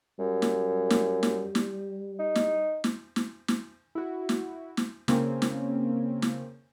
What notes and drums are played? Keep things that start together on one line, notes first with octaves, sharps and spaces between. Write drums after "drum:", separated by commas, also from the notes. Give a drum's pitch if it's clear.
F#2 G3
drum: snare
drum: snare
drum: snare
drum: snare
D#4
drum: snare
drum: snare
drum: snare
drum: snare
E4 F#4
drum: snare
drum: snare
C#3 A#3 C4 C#4, drum: snare
drum: snare
drum: snare